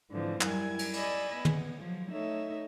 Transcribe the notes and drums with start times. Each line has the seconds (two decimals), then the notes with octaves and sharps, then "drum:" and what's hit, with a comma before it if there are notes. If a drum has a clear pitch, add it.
0.10 G#2 D3 E3 F3 C4
0.41 F#2 G3 E4 A#4 G#5 G#6, drum: clap
0.79 drum: cymbal
0.93 D5 D#5 G#5 B5 E6, drum: cymbal
1.35 B3
1.45 drum: tom
1.79 F3 F#3
2.11 A3 D#4 A4 C#5 E5